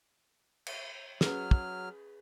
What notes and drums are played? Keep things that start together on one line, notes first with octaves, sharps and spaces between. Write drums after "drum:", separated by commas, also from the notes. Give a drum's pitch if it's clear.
drum: cymbal
F#3 C#4 G#4 B4 F6, drum: snare
drum: kick